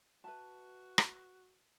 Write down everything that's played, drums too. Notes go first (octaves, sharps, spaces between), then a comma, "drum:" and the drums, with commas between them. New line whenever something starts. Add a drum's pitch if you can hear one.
F#4 B4 E5 A5
drum: rim click